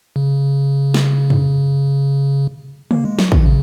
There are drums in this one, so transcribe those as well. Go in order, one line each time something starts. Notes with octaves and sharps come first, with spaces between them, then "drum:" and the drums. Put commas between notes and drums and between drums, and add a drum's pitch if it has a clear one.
C#3
drum: snare
drum: tom
A#3, drum: tom
G#3
F#3, drum: snare
D#3, drum: kick
C#3